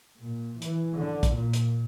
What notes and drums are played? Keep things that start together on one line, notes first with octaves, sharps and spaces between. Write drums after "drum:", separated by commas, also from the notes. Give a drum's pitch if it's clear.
A#2
E3, drum: hi-hat
D3
drum: kick, hi-hat
A#2
drum: hi-hat